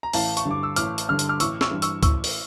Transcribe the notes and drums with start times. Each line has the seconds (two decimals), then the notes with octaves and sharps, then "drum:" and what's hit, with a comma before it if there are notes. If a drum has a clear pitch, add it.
0.03 A#5
0.13 A1 F5 A5, drum: open hi-hat
0.37 C#6, drum: hi-hat
0.46 G2 D3
0.51 D6
0.63 E6
0.76 A1 D6 F6, drum: hi-hat
0.98 drum: hi-hat
1.09 G2 D3 F6
1.19 drum: hi-hat
1.29 D6 F6
1.40 A1 C#6 E6, drum: hi-hat
1.61 C#6 E6, drum: snare
1.71 G2 E3
1.82 C#6 E6, drum: hi-hat
2.03 A1 C#6 E6, drum: kick, hi-hat
2.24 drum: open hi-hat